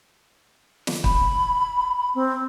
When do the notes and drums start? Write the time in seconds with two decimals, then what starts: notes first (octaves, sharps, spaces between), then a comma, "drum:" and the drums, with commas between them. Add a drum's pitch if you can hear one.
0.87 drum: snare
1.04 B5, drum: kick
2.15 C4